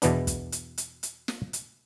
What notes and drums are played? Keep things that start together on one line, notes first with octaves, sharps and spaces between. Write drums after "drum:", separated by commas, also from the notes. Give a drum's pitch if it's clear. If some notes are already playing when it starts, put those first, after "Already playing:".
E2 B2 E3 B3 D4, drum: hi-hat
drum: kick, hi-hat
drum: hi-hat
drum: hi-hat
drum: hi-hat
drum: snare
drum: hi-hat